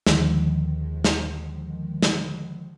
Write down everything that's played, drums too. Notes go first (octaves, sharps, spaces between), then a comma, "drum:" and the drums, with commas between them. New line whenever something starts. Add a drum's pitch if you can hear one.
D#2 D3 D#3 F3 G#3, drum: snare
drum: snare
drum: snare